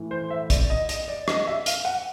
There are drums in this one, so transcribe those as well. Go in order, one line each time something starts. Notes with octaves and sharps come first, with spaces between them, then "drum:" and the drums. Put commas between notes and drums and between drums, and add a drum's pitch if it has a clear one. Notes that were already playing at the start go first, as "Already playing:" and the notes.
Already playing: A2 E3
C5
E5
D5, drum: kick, hi-hat
D#5
D#5, drum: hi-hat
D5
D#5, drum: rim click
E5
F5, drum: hi-hat
F#5